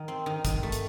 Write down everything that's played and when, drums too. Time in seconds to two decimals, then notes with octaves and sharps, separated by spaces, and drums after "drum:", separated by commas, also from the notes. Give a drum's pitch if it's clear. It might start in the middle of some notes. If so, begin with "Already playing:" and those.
Already playing: D#3
0.08 C4
0.26 D#3
0.45 D#3, drum: kick, hi-hat
0.63 A3
0.72 drum: hi-hat